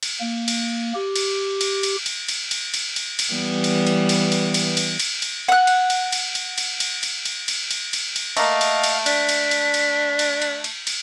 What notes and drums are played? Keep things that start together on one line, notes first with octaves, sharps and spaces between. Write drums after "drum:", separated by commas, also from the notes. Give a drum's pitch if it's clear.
drum: cymbal
A#3
drum: cymbal
G4
drum: cymbal
drum: cymbal
drum: cymbal
drum: cymbal
drum: cymbal
drum: cymbal
drum: cymbal
drum: cymbal
drum: cymbal
E3 G3 B3
drum: cymbal
drum: cymbal
drum: cymbal
drum: cymbal
drum: cymbal
drum: cymbal
drum: cymbal
drum: cymbal
F#5 F#6
drum: cymbal
drum: cymbal
drum: cymbal
drum: cymbal
drum: cymbal
drum: cymbal
drum: cymbal
drum: cymbal
drum: cymbal
drum: cymbal
drum: cymbal
drum: cymbal
A3 A#3 D#5 F5, drum: cymbal
drum: cymbal
drum: cymbal
D4 B6, drum: cymbal
drum: cymbal
drum: cymbal
drum: cymbal
drum: cymbal
drum: cymbal
drum: cymbal
drum: cymbal